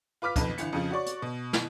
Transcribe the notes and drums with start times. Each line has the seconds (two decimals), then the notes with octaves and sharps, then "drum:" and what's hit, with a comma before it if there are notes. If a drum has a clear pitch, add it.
0.22 F4 B4 D6 F6 B6
0.36 B1 F2 B4, drum: kick, hi-hat
0.58 G1 E3 C#7, drum: hi-hat
0.73 F2 C#3 F3
0.90 F#4 C#5 D5 C#6
1.06 drum: hi-hat
1.22 B2
1.53 drum: snare